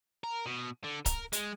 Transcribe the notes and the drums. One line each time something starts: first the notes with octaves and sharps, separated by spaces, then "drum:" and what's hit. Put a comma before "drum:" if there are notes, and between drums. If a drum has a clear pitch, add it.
A#4
B2
D3
A#4, drum: kick, hi-hat
G#3, drum: hi-hat